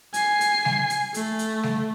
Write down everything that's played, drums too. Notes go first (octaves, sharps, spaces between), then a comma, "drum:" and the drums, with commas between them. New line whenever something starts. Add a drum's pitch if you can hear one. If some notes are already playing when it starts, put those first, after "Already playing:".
G#5 C7, drum: hi-hat
drum: hi-hat
drum: snare
drum: hi-hat
A3, drum: hi-hat
drum: hi-hat
drum: snare